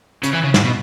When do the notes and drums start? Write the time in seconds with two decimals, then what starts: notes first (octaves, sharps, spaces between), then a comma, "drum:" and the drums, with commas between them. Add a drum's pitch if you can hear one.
0.23 C#3, drum: hi-hat
0.33 E3
0.44 C#3
0.54 G#2, drum: snare
0.64 B2